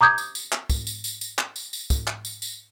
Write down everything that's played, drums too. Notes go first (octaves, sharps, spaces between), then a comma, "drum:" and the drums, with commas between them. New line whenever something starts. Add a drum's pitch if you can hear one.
A#5 D6 D#6 G6 G#6
drum: tambourine
drum: tambourine
drum: clap
drum: kick, tambourine
drum: tambourine
drum: tambourine
drum: tambourine
drum: clap
drum: tambourine
drum: tambourine
drum: kick, tambourine
drum: clap
drum: tambourine
drum: tambourine